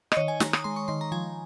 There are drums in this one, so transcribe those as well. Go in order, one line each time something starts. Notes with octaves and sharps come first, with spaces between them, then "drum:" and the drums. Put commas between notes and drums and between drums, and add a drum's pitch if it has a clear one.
D#5, drum: rim click
D#3 C#5
G#5
D#3 A#5, drum: snare
D#6, drum: rim click
G#3 C6
C#6
D#3 C6
A#5
F3 G#5